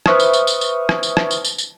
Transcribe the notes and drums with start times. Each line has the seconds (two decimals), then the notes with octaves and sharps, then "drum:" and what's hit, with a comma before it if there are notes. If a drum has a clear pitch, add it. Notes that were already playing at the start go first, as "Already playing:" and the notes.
0.06 B4 C5 E5 C#6 D#6 F6, drum: rim click
0.20 drum: tambourine
0.33 drum: tambourine
0.47 drum: tambourine
0.61 drum: tambourine
0.89 drum: rim click
1.03 drum: tambourine
1.17 drum: rim click
1.31 drum: tambourine
1.45 drum: tambourine
1.58 drum: tambourine